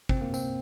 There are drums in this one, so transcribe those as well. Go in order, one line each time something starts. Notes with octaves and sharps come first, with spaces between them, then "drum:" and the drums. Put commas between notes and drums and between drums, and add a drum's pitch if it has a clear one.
C3 C4, drum: kick G1
A#3
C4, drum: tambourine